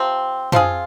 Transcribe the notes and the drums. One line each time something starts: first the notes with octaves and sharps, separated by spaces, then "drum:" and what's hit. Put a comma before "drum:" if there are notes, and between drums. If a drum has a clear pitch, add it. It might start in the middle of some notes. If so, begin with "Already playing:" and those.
Already playing: C3 F3 C4
F3 C4 F4 G#4, drum: tom